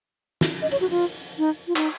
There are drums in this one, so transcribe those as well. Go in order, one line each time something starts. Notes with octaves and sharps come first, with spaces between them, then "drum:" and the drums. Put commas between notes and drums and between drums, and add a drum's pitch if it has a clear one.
drum: snare
D#5
C#5, drum: hi-hat
F#4
F4, drum: open hi-hat
D#4
F4
D#4, drum: clap